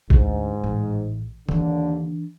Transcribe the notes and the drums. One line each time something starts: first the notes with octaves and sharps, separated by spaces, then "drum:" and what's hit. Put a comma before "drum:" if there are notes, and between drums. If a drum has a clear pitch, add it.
D2 G#2, drum: kick A1
A1
D#2 D3 E3 D4, drum: tom